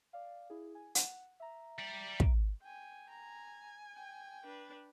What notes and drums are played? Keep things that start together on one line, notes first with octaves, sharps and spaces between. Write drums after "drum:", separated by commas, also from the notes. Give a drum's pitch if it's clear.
D5 F5
E4 G#4
G#5
F#5, drum: hi-hat
E5 A#5
G3 D5
drum: kick
G5 G#5
G#5 A#5
G5
D4 B4